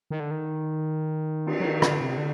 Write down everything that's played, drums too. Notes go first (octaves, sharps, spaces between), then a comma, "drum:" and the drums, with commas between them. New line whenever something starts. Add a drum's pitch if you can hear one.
D#3
D3
D#3
drum: cymbal
F#3
D#3
D3, drum: rim click
C3
D3